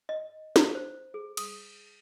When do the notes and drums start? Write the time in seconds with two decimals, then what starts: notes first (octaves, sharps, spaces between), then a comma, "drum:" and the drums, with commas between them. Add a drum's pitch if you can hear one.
0.09 D#5
0.56 A#5, drum: snare
0.75 C5
1.14 G#4
1.37 D#6, drum: cymbal